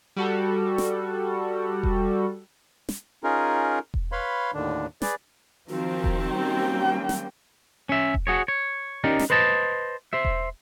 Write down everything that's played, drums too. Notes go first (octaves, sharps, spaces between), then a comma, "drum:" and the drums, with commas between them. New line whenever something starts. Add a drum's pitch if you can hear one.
G3 F#4 A4
drum: snare
drum: kick E1
drum: snare
C#4 D#4 F4 G#4 A#4
drum: kick E1
B4 C#5 F5 B5 C6
D#2 A2 D3 D#3 D4
G#4 B4 D5, drum: snare
D#3 F3 C4 F#4
drum: kick E1
G3 A#3 C#4 G5
drum: snare
C#4 E5
drum: kick E1
F#4 G#4 C#5
C#5
C#4 D#4 G4 A#4 D5
drum: snare
B4 C5 D#5 A5
C5 E5
drum: kick E1